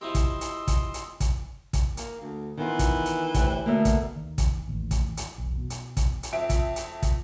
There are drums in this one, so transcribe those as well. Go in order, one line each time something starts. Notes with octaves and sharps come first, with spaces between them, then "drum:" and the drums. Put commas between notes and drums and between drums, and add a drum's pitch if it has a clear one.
F3 E4 G4 D#5 C6 E6
drum: kick, hi-hat
drum: hi-hat
drum: kick, hi-hat
drum: hi-hat
drum: kick, hi-hat
drum: kick, hi-hat
A#3, drum: hi-hat
D2
D#3 E3 B3 F4
drum: kick, hi-hat
drum: hi-hat
D2 G4 C#5, drum: kick, hi-hat
B2 D3 A3 A#3
drum: kick, hi-hat
D#2
drum: kick, hi-hat
A1 D#2
drum: kick, hi-hat
drum: hi-hat
E1 B1
B2
drum: hi-hat
drum: kick, hi-hat
drum: hi-hat
F2 E5 D7
drum: kick, hi-hat
drum: hi-hat
drum: kick, hi-hat